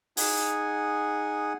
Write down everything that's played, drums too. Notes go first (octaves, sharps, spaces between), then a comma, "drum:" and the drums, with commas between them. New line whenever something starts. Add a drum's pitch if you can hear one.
D#4 G#4 F#5 G#5, drum: open hi-hat